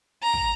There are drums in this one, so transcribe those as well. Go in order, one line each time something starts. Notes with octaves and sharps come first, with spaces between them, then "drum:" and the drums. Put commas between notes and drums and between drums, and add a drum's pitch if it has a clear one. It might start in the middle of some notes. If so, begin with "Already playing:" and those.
A#5
drum: kick